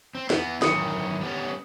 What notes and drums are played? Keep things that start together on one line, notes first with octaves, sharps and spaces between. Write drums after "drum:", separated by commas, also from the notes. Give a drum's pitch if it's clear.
C4
E3 B3, drum: snare
F#2 D#3 E3 D#6 C#7, drum: snare
G3 B3 C#4